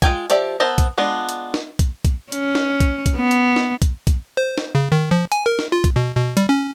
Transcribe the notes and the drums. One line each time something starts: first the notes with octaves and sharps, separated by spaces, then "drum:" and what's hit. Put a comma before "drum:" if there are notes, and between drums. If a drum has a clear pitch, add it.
G#3 F4 G5 G#5, drum: kick, hi-hat
F3 G4 D5 E5, drum: hi-hat
B3 A#4 C5 E5 A5
drum: kick, hi-hat
G#3 B3 D4 F4
drum: hi-hat
drum: snare
drum: kick, hi-hat
drum: kick, hi-hat
C#4, drum: hi-hat
drum: snare
drum: kick, hi-hat
drum: kick, hi-hat
B3
drum: hi-hat
drum: snare
drum: kick, hi-hat
drum: kick, hi-hat
C5
drum: snare
C#3
D#3
F3
G#5, drum: hi-hat
A#4
drum: snare
F4
drum: kick, hi-hat
B2
B2
G3, drum: hi-hat
C#4